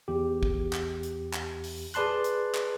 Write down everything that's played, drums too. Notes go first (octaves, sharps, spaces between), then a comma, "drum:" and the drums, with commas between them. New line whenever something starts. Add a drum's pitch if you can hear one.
E2 G4
drum: kick
drum: clap
drum: hi-hat
drum: clap
drum: open hi-hat
G#4 B4 D5 A5 C6 F#6, drum: hi-hat
drum: hi-hat
drum: clap